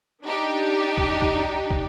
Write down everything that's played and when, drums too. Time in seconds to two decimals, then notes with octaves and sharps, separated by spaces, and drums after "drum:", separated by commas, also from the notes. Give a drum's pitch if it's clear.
0.25 D4 D#4 G4
0.98 drum: kick
1.22 drum: kick
1.71 drum: kick